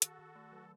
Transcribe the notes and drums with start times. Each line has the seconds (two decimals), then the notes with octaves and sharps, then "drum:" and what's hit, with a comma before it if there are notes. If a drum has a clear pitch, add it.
0.02 D#3 F#4 A4, drum: hi-hat
0.19 D#3
0.35 A3
0.52 F#3